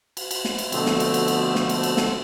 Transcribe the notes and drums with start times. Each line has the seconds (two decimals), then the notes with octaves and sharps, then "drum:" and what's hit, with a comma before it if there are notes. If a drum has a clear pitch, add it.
0.17 drum: cymbal
0.31 drum: cymbal
0.45 drum: snare
0.58 drum: cymbal
0.72 B2 D3 F3 A3 C4, drum: cymbal
0.86 drum: snare
1.00 drum: cymbal
1.14 drum: cymbal
1.28 drum: cymbal
1.56 drum: snare
1.69 drum: cymbal
1.83 drum: cymbal
1.97 drum: snare